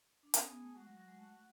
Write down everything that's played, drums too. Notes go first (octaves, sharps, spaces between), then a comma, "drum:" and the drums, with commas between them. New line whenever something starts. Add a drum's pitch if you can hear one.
D4
C#4 G#4, drum: hi-hat
B3
A3
G#3 F#4
F#3
F#3
G#3
A3